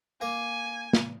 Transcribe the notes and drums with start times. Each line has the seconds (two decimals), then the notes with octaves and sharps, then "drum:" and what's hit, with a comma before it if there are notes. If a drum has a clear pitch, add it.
0.21 A#3 G#5
0.93 drum: snare